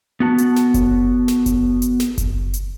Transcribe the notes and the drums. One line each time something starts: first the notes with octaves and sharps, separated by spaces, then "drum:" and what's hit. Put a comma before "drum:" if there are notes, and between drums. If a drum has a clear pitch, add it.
B3 F#4 A5
drum: hi-hat
drum: snare
drum: kick F#1, hi-hat
drum: snare
drum: kick F#1, hi-hat
drum: hi-hat
drum: snare
drum: kick F#1, hi-hat
drum: hi-hat